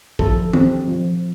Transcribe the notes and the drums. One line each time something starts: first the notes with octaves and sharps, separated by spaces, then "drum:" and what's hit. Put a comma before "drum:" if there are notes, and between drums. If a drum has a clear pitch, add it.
F3 A4, drum: kick
C4, drum: tom
F3